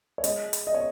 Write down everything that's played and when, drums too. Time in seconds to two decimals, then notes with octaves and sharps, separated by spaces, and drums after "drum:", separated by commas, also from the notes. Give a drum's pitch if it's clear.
0.18 C#5
0.24 G#3 D#5, drum: hi-hat
0.53 drum: hi-hat
0.67 D#5
0.74 C#5